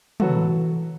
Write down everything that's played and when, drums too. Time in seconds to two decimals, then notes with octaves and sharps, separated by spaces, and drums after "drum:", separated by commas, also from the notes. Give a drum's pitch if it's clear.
0.20 E3 F#3 B3 F#4 A4, drum: tom